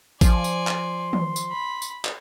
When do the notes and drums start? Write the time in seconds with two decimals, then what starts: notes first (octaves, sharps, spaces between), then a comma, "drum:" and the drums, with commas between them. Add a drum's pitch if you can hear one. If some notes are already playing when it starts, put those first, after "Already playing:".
0.21 F3 D5 G#5 C6, drum: kick A1, tambourine
0.44 drum: tambourine
0.67 drum: clap
1.13 drum: tom
1.36 drum: tambourine
1.51 B5
1.82 drum: tambourine
2.05 drum: clap